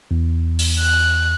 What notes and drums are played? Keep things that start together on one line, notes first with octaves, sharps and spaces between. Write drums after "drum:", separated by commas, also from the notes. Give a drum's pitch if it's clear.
E2
drum: open hi-hat
F#6